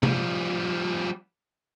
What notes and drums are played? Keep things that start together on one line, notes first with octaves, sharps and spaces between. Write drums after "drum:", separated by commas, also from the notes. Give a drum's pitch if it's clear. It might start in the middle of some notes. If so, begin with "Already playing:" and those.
F3 G3, drum: tom C3